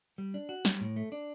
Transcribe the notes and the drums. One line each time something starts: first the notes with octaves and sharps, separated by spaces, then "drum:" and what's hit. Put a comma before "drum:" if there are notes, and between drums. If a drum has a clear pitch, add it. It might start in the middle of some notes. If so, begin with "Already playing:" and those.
G3
D4
F#4
G3, drum: snare
A2
A3
D4